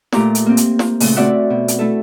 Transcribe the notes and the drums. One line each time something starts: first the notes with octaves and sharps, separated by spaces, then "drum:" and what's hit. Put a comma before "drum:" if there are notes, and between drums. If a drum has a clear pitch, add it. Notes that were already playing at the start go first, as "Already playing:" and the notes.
A#2 A3 G4 A#5 D6, drum: snare
drum: hi-hat
A#3 C4
drum: hi-hat
drum: snare
A#2 C#3 A3, drum: open hi-hat
A3 C4 F#4 D5 E5 F#5
B2
drum: hi-hat
A3 E4 A4